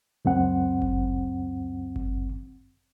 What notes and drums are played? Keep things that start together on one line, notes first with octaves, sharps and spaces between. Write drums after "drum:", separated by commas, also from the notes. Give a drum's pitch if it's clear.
C#2 F#2 C4 F#5
drum: kick G1
drum: kick G1